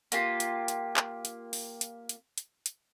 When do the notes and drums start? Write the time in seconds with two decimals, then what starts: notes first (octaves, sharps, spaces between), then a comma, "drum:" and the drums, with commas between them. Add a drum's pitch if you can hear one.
0.12 A#3 F4 G4, drum: hi-hat
0.40 drum: hi-hat
0.68 drum: hi-hat
0.97 drum: clap
1.25 drum: hi-hat
1.53 drum: open hi-hat
1.81 drum: hi-hat
2.09 drum: hi-hat
2.38 drum: hi-hat
2.66 drum: hi-hat